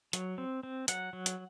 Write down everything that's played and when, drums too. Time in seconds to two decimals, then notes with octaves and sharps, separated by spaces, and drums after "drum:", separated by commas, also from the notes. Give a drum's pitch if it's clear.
0.13 F#3, drum: hi-hat
0.38 C4
0.63 C4
0.88 F#3 F#5, drum: hi-hat
1.13 F#3
1.26 drum: hi-hat